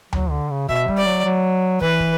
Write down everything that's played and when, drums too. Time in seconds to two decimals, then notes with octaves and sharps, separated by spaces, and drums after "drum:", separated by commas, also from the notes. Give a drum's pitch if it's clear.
0.13 F#3, drum: tom D2
0.31 D3
0.51 C#3
0.69 B2 E5, drum: kick
0.88 G3, drum: kick
0.97 D5
1.06 F#3
1.25 F#3
1.81 E3 B4, drum: kick
2.00 drum: kick